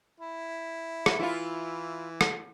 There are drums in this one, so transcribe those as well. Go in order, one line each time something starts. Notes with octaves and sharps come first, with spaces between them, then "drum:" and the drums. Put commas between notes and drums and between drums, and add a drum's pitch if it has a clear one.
E4
drum: rim click
E3 E4 F4
drum: rim click